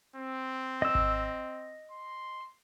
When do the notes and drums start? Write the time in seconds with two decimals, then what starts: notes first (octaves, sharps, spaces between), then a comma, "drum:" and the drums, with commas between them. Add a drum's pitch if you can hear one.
0.16 C4
0.82 D#5 E6
0.95 drum: kick G#1
1.91 C6